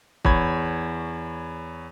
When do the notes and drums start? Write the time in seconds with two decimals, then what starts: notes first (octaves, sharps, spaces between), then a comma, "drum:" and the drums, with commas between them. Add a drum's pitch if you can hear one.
0.25 E2 C#5 B5 G#6, drum: kick